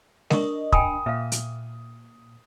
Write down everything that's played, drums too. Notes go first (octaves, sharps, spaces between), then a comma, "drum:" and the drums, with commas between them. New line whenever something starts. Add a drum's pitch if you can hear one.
D4 A#4 D#5 C#6, drum: snare G#3
G5 G#5 B5 D#6, drum: kick
A#2 E5 F5
drum: hi-hat